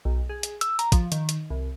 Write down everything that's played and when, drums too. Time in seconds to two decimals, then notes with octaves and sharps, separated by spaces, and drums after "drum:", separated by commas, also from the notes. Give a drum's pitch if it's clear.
0.05 B1
0.29 G#4
0.43 drum: hi-hat
0.61 E6, drum: hi-hat
0.79 A#5, drum: hi-hat
0.92 F3, drum: kick, hi-hat
1.12 D#3, drum: hi-hat
1.29 drum: hi-hat
1.50 C2